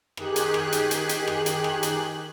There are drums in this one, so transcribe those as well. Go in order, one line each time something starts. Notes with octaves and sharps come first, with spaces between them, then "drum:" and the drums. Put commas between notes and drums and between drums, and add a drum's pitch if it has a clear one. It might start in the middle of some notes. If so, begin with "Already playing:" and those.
D#3 G4 G#4 F#6, drum: rim click
drum: hi-hat
drum: rim click
drum: hi-hat
drum: hi-hat
drum: hi-hat
drum: rim click
drum: hi-hat
drum: rim click
drum: hi-hat